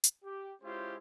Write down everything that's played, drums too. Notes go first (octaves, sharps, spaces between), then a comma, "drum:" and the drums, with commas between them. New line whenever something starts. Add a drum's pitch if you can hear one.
drum: hi-hat
G4
G#3 C#4 E4 F4 G4 C5